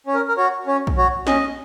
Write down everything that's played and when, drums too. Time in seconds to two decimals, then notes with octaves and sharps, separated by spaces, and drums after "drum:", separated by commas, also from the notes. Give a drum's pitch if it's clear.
0.07 C#4 C#5
0.14 A#4
0.28 A#4
0.37 F#4 C#5
0.67 C#4 C#5
0.87 drum: kick
0.97 F#4 C#5
1.27 C#4 D#5, drum: snare